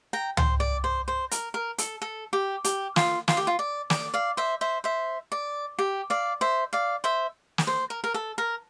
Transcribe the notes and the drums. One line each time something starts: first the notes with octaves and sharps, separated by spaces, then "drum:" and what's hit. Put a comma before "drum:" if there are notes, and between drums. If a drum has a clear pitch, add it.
G5 A#5
C5, drum: tom C#2
D5
C5
C5
A#4, drum: hi-hat
A#4
A4, drum: hi-hat
A4
G4
G4, drum: hi-hat
F4, drum: snare
F4, drum: snare
G4
F4
D5
D5, drum: snare
D5 F5
C5 E5
C5 E5
C5 E5
D5
G4
D5 F5
C5 E5
D5 F5
C5 E5
drum: snare
C5
A#4
A#4
A4
A#4